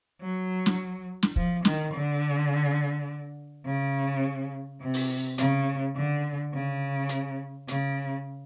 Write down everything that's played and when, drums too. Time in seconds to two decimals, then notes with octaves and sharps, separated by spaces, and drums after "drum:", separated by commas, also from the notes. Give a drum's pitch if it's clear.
0.21 F#3
0.66 drum: snare
1.23 drum: snare
1.36 F3, drum: kick
1.65 D#3, drum: snare
1.94 D3
3.66 C#3
4.81 C3
4.94 drum: open hi-hat
5.38 C#3, drum: hi-hat
5.96 D3
6.53 C#3
7.09 drum: hi-hat
7.68 C#3, drum: hi-hat